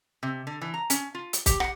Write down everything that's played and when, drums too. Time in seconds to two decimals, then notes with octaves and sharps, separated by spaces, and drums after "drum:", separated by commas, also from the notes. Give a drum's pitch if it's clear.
0.23 C3
0.47 D3
0.61 E3
0.74 A#5
0.90 C#4, drum: hi-hat
1.15 F4
1.33 drum: hi-hat
1.46 G4, drum: kick, hi-hat
1.60 F#5, drum: rim click